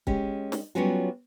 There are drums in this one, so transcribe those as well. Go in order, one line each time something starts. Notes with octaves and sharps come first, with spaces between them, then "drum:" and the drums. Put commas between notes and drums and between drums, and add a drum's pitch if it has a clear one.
G#3 C#4 G4, drum: kick
drum: snare
F#3 G3 B3 C#4 F4 F#4